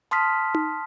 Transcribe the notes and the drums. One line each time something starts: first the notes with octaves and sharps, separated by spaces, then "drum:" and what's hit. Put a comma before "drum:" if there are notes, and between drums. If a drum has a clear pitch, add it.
A5 C6 D#6 F6 B6
drum: tom D#4